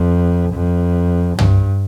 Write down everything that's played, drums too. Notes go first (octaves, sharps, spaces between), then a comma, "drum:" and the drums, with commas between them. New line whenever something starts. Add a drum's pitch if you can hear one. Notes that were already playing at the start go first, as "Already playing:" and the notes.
Already playing: F2
F2
G2, drum: tom